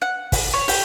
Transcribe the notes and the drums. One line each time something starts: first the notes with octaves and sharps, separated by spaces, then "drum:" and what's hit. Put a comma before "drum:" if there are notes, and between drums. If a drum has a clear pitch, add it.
F#5
drum: kick, open hi-hat
C#5
G4, drum: open hi-hat